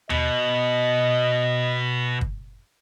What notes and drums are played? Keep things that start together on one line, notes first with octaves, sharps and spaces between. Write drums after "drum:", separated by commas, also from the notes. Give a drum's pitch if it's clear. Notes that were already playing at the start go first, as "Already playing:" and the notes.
B2 D#5, drum: tom D#2
drum: kick